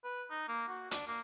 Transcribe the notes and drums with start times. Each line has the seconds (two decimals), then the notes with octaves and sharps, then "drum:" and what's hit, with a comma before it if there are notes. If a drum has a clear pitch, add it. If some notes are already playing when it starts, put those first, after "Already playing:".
0.04 B4
0.30 D#4
0.48 A#3
0.68 F#4
0.91 D4, drum: hi-hat
1.07 A#3